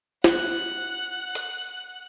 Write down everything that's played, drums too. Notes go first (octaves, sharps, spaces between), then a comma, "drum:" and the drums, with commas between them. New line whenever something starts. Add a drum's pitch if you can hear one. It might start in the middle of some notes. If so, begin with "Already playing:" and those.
F#5 F#6, drum: snare
drum: hi-hat